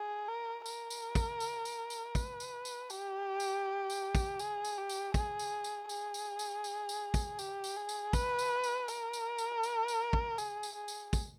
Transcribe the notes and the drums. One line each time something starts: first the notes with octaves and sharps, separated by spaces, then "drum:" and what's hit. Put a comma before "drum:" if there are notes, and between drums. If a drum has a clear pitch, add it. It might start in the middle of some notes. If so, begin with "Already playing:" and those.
Already playing: G#4
A#4
A#4, drum: tambourine
drum: tambourine
drum: kick, tambourine
drum: tambourine
drum: tambourine
drum: tambourine
B4, drum: kick, tambourine
drum: tambourine
drum: tambourine
G4, drum: tambourine
drum: tambourine
drum: tambourine
drum: kick, tambourine
G#4, drum: tambourine
drum: tambourine
G4
drum: tambourine
G#4, drum: kick, tambourine
drum: tambourine
drum: tambourine
G#4, drum: tambourine
drum: tambourine
drum: tambourine
drum: tambourine
drum: tambourine
drum: kick, tambourine
G4, drum: tambourine
drum: tambourine
G#4
drum: tambourine
B4, drum: kick, tambourine
drum: tambourine
drum: tambourine
A#4, drum: tambourine
drum: tambourine
drum: tambourine
drum: tambourine
drum: tambourine
drum: kick
G#4, drum: tambourine
drum: tambourine
G#4
drum: tambourine
drum: kick, tambourine